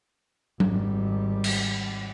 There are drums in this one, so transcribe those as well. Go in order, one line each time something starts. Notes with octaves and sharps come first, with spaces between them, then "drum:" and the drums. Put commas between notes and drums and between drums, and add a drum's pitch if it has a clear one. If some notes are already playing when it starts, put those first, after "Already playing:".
G#1 G3, drum: tom F#3
drum: cymbal